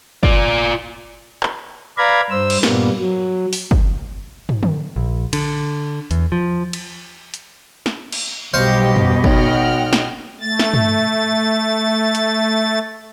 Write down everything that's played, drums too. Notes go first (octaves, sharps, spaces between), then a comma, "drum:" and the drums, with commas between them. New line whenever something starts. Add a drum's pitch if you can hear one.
F4 D5, drum: kick
drum: clap
B4 D5 F5 A#5 B5 G#6
G2 C5 E6
drum: cymbal
G2 A#2 G3 A#3 B3, drum: snare
F#3
drum: open hi-hat
drum: kick
drum: tom
drum: tom D3
A#1
D3, drum: cymbal
E2, drum: hi-hat
F3
drum: cymbal
drum: hi-hat
drum: snare
drum: cymbal
B1 G2 B2 G4 C5 D#5 F5 C#6
drum: tom F2
B1 F#5 G5 F6, drum: kick
drum: snare
A3 A6
drum: snare
drum: tom
drum: hi-hat